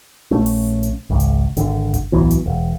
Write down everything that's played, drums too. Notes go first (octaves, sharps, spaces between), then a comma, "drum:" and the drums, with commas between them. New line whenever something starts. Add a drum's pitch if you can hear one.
A#1 A3 C#4
drum: open hi-hat
drum: hi-hat
G#1 C#2
drum: hi-hat
G#1 D3, drum: hi-hat
drum: kick G1, hi-hat
D1 B1 B2 E3
drum: hi-hat
E1